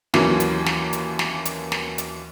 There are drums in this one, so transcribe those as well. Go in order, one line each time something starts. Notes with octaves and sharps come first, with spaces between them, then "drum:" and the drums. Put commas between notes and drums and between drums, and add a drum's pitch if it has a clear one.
D#2 E3 F#3 A#3 C#4, drum: snare
drum: hi-hat
drum: snare
drum: hi-hat
drum: snare
drum: hi-hat
drum: snare
drum: hi-hat